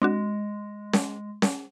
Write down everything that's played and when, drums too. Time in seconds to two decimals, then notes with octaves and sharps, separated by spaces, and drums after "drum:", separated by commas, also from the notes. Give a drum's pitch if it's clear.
0.02 G#3 C4 D4 F#4
0.93 drum: snare C#4
1.42 drum: snare C#4